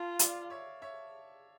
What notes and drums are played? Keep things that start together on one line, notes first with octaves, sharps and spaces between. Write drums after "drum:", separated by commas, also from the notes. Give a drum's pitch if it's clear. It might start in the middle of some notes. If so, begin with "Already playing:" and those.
Already playing: F4 F5 A5
D5 F5, drum: hi-hat
C#5 E5
C#5 E5